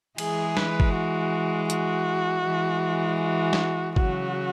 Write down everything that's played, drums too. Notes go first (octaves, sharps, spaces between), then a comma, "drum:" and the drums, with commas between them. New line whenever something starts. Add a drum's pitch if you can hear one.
E3 G#3 G#4, drum: cymbal
B4, drum: snare
drum: kick G#1
F#4
F#4, drum: hi-hat
E3 G#3
F#4
drum: snare
C#3 F#3 F#4, drum: kick G#1